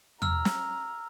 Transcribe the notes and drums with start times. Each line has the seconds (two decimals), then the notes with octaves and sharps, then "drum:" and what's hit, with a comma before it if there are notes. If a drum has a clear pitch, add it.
0.22 A#5 E6 F6, drum: tom
0.45 drum: snare